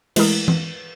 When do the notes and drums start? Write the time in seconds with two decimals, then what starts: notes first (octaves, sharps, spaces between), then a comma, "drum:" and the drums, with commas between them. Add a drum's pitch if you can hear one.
0.16 E3 G#3 A3 E4 A#4 D#6, drum: cymbal
0.48 drum: tom E3